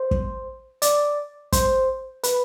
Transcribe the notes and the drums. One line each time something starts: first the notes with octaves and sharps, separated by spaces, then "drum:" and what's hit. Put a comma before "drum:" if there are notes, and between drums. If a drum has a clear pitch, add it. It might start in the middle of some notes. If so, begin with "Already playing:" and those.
Already playing: C5
drum: kick
D5, drum: hi-hat
C5, drum: kick, hi-hat
B4, drum: hi-hat